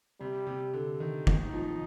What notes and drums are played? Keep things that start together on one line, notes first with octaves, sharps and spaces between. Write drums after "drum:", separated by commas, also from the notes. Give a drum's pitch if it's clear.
C3 G3
C3
D3
D#3
D#3 D#4, drum: kick
F3